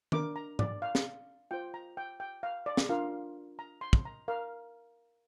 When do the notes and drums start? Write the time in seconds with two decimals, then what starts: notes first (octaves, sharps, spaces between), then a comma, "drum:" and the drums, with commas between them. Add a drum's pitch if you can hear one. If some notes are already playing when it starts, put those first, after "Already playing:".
0.12 D4 A#4 D6, drum: tom D#3
0.36 A#5
0.59 D5, drum: tom G#2
0.82 F5
0.95 drum: snare
1.51 F4 C5 G5
1.74 A#5
1.97 G5
2.20 G5
2.43 F5
2.66 D5
2.77 drum: snare
2.89 D4 F4 A#4 F5
3.59 A#5
3.81 C6
3.93 drum: kick
4.05 A#5
4.28 A#4 F5